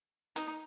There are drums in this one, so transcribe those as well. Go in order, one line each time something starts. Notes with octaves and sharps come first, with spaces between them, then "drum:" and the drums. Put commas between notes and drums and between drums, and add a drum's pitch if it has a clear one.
D#4, drum: hi-hat